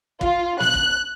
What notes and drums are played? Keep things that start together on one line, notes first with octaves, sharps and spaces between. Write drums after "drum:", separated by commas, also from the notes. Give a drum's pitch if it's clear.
F4, drum: kick
F#6, drum: snare
drum: kick